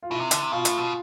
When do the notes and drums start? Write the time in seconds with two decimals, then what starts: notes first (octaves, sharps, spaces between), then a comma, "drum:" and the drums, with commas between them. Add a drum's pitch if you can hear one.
0.03 F4
0.11 B2 E4
0.21 C3
0.31 D3, drum: hi-hat
0.42 C3
0.52 B2 F4
0.65 A2, drum: hi-hat
0.78 B2